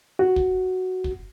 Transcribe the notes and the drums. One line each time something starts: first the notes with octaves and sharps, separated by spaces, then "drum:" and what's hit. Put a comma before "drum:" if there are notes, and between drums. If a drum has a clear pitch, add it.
F#4
drum: kick
drum: kick